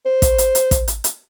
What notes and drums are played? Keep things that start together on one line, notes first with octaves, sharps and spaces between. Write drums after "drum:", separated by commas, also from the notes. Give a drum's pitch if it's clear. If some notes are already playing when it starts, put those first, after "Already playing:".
C5
drum: kick, hi-hat
drum: hi-hat
drum: hi-hat
drum: kick, hi-hat
drum: hi-hat
drum: hi-hat